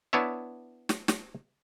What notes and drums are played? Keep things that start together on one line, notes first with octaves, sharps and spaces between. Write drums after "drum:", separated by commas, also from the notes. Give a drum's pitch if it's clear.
B3 D4 E4 C#5 E5
drum: snare
drum: snare